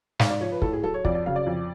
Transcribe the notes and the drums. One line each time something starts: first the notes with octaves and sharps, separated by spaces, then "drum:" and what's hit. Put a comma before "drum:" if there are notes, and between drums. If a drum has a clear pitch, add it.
G#2 F5, drum: snare
D5
F3 C#5
B4
A2 A4, drum: kick
G#4
F#3 A4
C#5
F2 D5, drum: kick
D5
C#3 F#3 F5
D5
F2